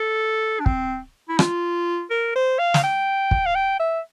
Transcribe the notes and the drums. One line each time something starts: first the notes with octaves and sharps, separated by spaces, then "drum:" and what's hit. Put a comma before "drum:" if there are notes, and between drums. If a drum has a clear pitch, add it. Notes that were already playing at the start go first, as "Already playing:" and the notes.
Already playing: A4
D4
C4, drum: kick
E4
F4, drum: rim click
A#4
C5
F5
drum: snare
G5
drum: kick
F5
G5
E5